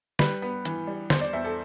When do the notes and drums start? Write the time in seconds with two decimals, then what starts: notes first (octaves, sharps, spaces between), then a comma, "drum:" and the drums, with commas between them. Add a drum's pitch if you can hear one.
0.19 G3 B4, drum: snare
0.42 B3
0.65 E3, drum: hi-hat
0.87 G3
1.10 E2 C5, drum: snare
1.21 D5
1.33 E2 E5
1.45 A4